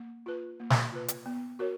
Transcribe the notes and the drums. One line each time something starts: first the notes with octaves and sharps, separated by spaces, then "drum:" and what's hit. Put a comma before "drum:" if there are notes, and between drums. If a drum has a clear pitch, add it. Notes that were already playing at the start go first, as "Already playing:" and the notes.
Already playing: A#3
F4 B4
A#3
drum: snare
F4 B4
drum: hi-hat
B3
F#4 A#4 C#5